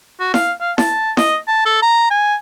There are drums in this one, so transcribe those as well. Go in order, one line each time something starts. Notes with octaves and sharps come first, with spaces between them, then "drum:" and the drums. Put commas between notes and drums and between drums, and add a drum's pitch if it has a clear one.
F#4
F5, drum: snare E4
F5
A5, drum: snare E4
D#5, drum: snare E4
A5
A4
A#5
G#5